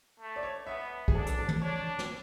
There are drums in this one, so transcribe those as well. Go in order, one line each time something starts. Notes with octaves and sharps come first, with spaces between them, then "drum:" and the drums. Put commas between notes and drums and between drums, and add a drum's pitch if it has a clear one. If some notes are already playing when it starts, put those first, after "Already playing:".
A3
D5
C#5
B3 E5
G#4, drum: kick
D4 A4
A4, drum: hi-hat
A4
drum: tom
D4 C#5
drum: snare